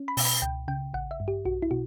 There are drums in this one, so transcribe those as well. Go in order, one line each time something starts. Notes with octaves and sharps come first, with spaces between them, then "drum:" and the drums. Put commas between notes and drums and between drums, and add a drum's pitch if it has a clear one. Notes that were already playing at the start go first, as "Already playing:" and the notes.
Already playing: C#4
B5
B2, drum: open hi-hat
B5
C#2 G5
C#3 G5
A1 F#5
E5
G2
G4
B1 F#4
E4
B2 F#4